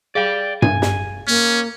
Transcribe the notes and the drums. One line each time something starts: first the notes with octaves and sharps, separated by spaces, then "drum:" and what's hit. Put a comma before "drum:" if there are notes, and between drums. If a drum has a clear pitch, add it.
G#4 D5 F5 G5
G#5, drum: tom G2
drum: snare
A#3 C#4